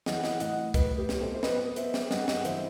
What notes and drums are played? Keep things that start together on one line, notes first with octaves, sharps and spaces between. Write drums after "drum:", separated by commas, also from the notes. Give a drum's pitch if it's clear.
E3 D#5 F#5, drum: snare
D#5 F#5, drum: snare
A2 D#5 F#5, drum: hi-hat
A2 B4 D#5, drum: kick C2, hi-hat
G4 B4
B3, drum: snare
A4 C5
C5
B3 B4 D#5, drum: snare
B3 C5 E5, drum: hi-hat
drum: snare
G2 D#5 F#5, drum: snare
D#5 F#5, drum: snare
E3 C5 E5, drum: hi-hat